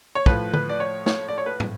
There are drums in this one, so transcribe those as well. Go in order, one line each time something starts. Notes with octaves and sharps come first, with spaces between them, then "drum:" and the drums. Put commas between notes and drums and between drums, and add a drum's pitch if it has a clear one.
C#5
A2 F3 B4, drum: kick
B4, drum: tom D3
D5
C#5
C#5, drum: snare
D5
C#5
B4
drum: tom